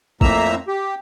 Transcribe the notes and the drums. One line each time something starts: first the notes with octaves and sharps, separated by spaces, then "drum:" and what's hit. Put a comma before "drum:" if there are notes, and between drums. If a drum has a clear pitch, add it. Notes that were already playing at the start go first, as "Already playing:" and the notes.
F2 A2 A#3 E5 A#5 E6, drum: kick
G4